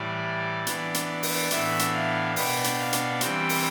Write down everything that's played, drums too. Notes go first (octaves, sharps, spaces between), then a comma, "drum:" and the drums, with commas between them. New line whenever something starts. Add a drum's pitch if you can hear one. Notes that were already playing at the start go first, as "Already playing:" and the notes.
Already playing: A2 E3 G3 D5
E3 B3 D4, drum: hi-hat
drum: hi-hat
drum: open hi-hat
A2 E3 B3 D4 E5, drum: hi-hat
drum: hi-hat
F5
B2 B3 D4 G5, drum: open hi-hat
drum: hi-hat
F5
drum: hi-hat
E3 G3 C4 G5, drum: hi-hat
drum: open hi-hat